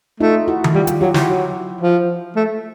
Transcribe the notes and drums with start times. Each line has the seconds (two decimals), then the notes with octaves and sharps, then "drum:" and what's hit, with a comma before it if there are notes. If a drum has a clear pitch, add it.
0.20 A3 D#4 F4
0.48 E4 F#4
0.64 drum: tom D#3
0.74 G3 F4 G4
0.87 F4 G4, drum: hi-hat
1.01 F#3 F4 G4
1.14 E4 F#4, drum: snare
1.28 F#3
1.81 F3
2.36 A3